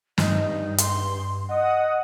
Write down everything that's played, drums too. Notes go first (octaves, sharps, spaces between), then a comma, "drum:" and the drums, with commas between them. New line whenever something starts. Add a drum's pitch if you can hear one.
G2 D#4, drum: snare
C6, drum: hi-hat
D#5 F#5 D#6